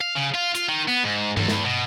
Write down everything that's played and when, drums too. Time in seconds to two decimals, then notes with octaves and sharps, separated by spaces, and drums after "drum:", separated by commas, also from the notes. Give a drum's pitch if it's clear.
0.01 F5
0.16 C#3
0.35 F4
0.55 F4, drum: hi-hat
0.69 D#3
0.88 B3
1.05 G#2
1.37 E2, drum: tom
1.48 drum: snare
1.65 B2